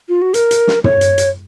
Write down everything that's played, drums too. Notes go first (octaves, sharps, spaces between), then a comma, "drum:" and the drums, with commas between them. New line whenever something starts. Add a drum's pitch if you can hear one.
F4
F#4
A#4, drum: hi-hat
drum: hi-hat
drum: snare
C#5, drum: tom
drum: hi-hat
drum: hi-hat